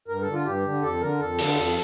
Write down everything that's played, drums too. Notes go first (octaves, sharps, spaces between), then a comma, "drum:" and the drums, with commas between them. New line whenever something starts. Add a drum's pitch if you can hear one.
G2 A#4
A4
D3
F4
G2 G4
D3
F2 A4
D3 A#4
F2 A4
D3, drum: open hi-hat
F2